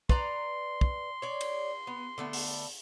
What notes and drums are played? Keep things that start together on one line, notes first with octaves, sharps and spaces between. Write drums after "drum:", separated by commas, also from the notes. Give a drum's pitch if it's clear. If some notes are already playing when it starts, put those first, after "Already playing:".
B4 D5 A#5 C6, drum: kick
drum: kick
C#5 D5
drum: cymbal
B3
D3 A3 B3
drum: open hi-hat